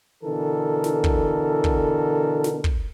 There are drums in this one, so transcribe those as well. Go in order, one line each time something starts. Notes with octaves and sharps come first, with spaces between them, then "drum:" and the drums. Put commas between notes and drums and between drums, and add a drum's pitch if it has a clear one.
B2 D3 E3 A4 A#4
drum: snare
drum: kick
drum: kick
drum: snare
drum: kick